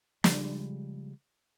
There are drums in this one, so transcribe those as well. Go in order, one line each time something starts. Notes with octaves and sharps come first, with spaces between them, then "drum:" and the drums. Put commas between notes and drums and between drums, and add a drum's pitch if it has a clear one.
C#3 F3 G3 G#3, drum: snare